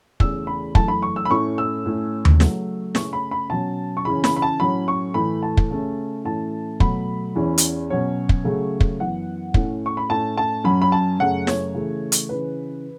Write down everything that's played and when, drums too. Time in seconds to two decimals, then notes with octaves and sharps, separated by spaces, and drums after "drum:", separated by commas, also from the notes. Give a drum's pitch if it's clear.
0.20 E2 C#3 A3 C#4 E6, drum: kick
0.47 B5
0.75 F#2 E3 A3 A5, drum: kick
0.88 B5
1.02 C#6
1.16 E6
1.25 B5
1.30 A2 A3 C#4 C#6
1.58 E6
1.86 A2 A3 C#4
2.25 drum: tom D#2
2.40 C#3 F#3 A3, drum: snare
2.95 C#3 A3 C#4 C#6, drum: snare
3.13 B5
3.31 B5
3.50 B2 F#3 C#4 A5
3.97 C#6
4.05 C#3 E3 C#4 B5
4.24 B5, drum: snare
4.36 B5
4.42 A5
4.60 A2 F#3 C#4 B5
4.88 C#6
5.14 A2 E3 A3 B5
5.43 A5
5.57 drum: kick
5.70 C#3 A3 C#4
6.24 A2 E3 A3 C#4 A5
6.80 B2 F#3 A3 B5, drum: kick
7.35 E2 E3 C#4
7.58 drum: hi-hat
7.90 B2 F#3 C#4 C#5
8.29 drum: kick
8.44 C#3 F#3 A3
8.80 drum: kick
9.00 F#2 E3 B3 F#5
9.54 A2 A3 C#4, drum: kick
9.86 C#6
9.97 B5
10.09 A2 A3 C#4 A5
10.37 A5
10.64 F#2 F#3 C#4 B5
10.82 B5
10.92 A5
11.19 F#2 C#3 A3 C#4 F#5
11.47 C#5, drum: snare
11.74 C#3 E3 A3
12.12 drum: hi-hat
12.29 C#3 E3 C#4 B4